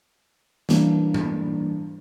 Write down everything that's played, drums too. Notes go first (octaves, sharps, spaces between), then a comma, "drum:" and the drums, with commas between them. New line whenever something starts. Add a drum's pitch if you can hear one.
E3 G3 A#3 D4, drum: snare
drum: tom G#2